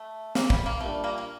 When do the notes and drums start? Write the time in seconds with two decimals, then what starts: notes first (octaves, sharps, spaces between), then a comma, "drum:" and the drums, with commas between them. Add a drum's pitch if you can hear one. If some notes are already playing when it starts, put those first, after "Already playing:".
Already playing: A3
0.35 A#3, drum: snare
0.50 G3, drum: kick
0.66 A#3
0.80 A#2 G3 A3 D4
1.04 A#3
1.18 A#3